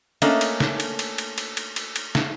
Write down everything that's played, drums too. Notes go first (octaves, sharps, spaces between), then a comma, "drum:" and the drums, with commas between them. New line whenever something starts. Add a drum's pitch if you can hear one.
A3 A#3 C#4 D4 D#5, drum: cymbal
drum: cymbal
drum: snare
drum: cymbal
drum: cymbal
drum: cymbal
drum: cymbal
drum: cymbal
drum: cymbal
drum: cymbal
drum: snare